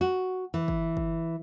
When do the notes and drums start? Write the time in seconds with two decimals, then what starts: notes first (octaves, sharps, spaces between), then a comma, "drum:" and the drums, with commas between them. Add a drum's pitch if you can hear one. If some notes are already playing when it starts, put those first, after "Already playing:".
0.01 F#4
0.54 E3
0.68 drum: kick
0.97 drum: kick